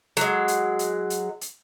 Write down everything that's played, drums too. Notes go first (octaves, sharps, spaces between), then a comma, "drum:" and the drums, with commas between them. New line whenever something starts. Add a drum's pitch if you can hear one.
F#3 G#3, drum: hi-hat
drum: hi-hat
drum: hi-hat
drum: hi-hat
drum: hi-hat